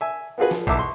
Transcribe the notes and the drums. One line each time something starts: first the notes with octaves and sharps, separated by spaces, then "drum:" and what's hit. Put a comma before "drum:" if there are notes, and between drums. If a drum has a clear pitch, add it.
E5 G#5
B3 F4 F#4 G#4 B4
F3, drum: snare
B1 E2 E5 A5 D6, drum: kick A#1
C6 C#6